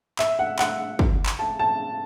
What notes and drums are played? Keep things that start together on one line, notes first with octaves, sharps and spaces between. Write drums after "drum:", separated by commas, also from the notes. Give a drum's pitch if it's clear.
E5, drum: clap
F#5
F#5, drum: clap
drum: kick
drum: clap
A5
A5